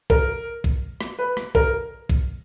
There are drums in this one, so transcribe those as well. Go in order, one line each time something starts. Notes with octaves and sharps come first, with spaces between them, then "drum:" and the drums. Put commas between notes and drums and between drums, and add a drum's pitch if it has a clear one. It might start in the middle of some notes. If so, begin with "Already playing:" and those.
A#4, drum: kick
drum: kick
drum: rim click
B4
drum: rim click
A#4, drum: kick
drum: kick